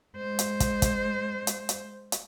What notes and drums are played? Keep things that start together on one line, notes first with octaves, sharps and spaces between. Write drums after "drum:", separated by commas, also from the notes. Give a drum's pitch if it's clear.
G#3 C5
drum: hi-hat
drum: kick, hi-hat
drum: kick, hi-hat
drum: hi-hat
drum: hi-hat
drum: hi-hat